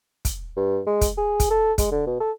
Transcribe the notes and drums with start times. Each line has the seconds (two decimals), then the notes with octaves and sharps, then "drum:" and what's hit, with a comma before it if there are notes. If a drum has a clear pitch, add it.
0.25 drum: kick, hi-hat
0.57 G2
0.87 G#3
1.01 drum: kick, hi-hat
1.17 G#4
1.40 drum: kick, hi-hat
1.50 A4
1.78 G#3, drum: kick, hi-hat
1.91 D3
2.07 B2
2.21 A4